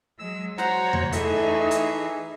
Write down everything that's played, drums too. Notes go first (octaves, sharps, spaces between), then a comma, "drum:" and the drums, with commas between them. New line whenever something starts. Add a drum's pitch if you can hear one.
F#3 G#3 E6
F#4 C5 C#5 F#5 A#5, drum: snare
drum: tom E2
E3 A3 D#4 G#4 E5, drum: hi-hat
drum: hi-hat